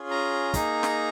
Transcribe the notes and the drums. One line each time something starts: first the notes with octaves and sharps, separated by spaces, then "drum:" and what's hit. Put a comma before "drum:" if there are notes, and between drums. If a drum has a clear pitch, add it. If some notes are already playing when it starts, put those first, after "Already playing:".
Already playing: C#4 F4 G#4
A#5
A#3 D#4 G#4, drum: kick, hi-hat
drum: snare